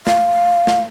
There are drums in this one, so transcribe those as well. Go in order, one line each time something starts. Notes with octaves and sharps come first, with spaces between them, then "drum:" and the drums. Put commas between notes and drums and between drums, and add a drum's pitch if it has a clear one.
F5, drum: snare
drum: snare